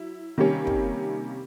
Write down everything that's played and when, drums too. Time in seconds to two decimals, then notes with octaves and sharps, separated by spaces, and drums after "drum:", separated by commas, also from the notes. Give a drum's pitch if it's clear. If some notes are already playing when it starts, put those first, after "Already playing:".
Already playing: F#3 E4
0.38 C3 D#3 G3 A#3 C#4
0.67 drum: kick